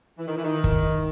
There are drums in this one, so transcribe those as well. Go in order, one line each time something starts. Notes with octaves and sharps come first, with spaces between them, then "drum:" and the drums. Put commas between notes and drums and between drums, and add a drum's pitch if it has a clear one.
E3
D#3
E3
D#3
drum: kick